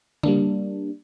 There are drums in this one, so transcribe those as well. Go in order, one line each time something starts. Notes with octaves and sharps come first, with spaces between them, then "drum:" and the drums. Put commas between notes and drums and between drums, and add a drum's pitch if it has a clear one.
G3 A#3 D4, drum: tom C#3